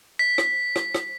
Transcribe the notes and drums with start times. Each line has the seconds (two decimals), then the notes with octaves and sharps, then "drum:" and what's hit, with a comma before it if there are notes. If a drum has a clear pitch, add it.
0.19 B6
0.38 drum: rim click
0.76 drum: rim click
0.94 drum: rim click